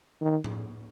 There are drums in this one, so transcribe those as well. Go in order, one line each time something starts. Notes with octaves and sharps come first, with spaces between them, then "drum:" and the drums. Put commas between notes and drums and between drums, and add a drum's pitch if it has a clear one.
D#3
drum: tom A2